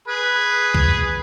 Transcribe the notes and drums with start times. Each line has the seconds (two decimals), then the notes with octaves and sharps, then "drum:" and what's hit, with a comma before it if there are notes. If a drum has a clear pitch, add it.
0.08 G#4 B4
0.75 drum: kick C2